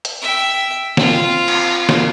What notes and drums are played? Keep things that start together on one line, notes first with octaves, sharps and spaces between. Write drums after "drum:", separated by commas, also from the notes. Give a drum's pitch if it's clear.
drum: hi-hat
E5 G5
C4 F4, drum: snare
drum: cymbal
drum: snare